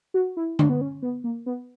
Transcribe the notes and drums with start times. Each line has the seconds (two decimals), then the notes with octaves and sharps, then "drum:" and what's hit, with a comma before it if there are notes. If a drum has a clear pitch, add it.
0.14 F#4
0.37 E4
0.59 D4, drum: tom D3
0.69 B3
0.81 C#4
1.02 B3
1.24 A#3
1.46 B3